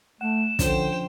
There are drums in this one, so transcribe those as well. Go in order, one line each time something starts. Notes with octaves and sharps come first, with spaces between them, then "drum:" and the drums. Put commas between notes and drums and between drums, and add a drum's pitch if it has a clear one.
A3 F#5 E7
D3 F3 C#4 D4 C5 G5, drum: kick, hi-hat